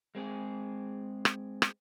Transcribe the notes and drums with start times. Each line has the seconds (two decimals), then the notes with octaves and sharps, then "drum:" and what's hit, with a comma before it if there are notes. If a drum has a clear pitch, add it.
0.15 G#3 C4 G#4
1.25 drum: rim click
1.62 drum: rim click